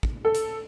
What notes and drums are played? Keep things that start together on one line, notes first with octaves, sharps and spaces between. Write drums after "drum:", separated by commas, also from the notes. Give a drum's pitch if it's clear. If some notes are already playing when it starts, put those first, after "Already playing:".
drum: kick
A4
drum: hi-hat